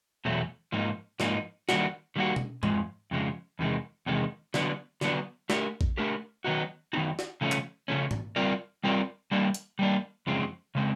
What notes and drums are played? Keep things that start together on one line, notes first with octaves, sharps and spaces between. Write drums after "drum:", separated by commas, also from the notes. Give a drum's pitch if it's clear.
E2 B2 F#3 A3
G#2 F3 A#3 D#4
G#2 F3 A#3 D#4, drum: snare
D#3 G3 A#3 D4 F#4, drum: snare
D#3 G3 A#3 D4 F#4
drum: tom
F2 C#3 F3 G#3, drum: tom G#2
F2 C#3 F3 G#3
E2 C3 D#3 G#3
E2 C3 D#3 G#3
D3 F#3 B3 D4, drum: snare
D3 F#3 B3 D4, drum: snare
A3 D4 G4 A#4, drum: snare
drum: kick
A3 D4 G4 A#4
D#3 F#3 B3 D#4 F#4
D#3 F#3 B3 D#4 F#4
drum: snare
C#3 F3 A3 C#4
drum: clap
C#3 F3 A3 C#4
drum: tom G#2
G3 C4 F4 A#4 D5
G3 C4 F4 A#4 D5
G3 A#3 D4
drum: hi-hat
G3 A#3 D4
F#2 C#3 F3 G#3 C4
C#3 G#3 C4